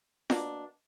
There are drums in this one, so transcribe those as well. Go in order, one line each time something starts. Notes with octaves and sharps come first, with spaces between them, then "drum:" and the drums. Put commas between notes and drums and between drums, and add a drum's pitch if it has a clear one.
B2 A#3 D4, drum: snare